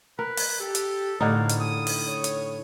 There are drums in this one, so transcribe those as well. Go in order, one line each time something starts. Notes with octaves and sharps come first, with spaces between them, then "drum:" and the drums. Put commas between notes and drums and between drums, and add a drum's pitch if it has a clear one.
A#4 B4
drum: open hi-hat
G4 A4
drum: hi-hat
A#1 A2 D3 F3 D#4 C#5 F5
drum: hi-hat
D#6
drum: open hi-hat
C#5
drum: hi-hat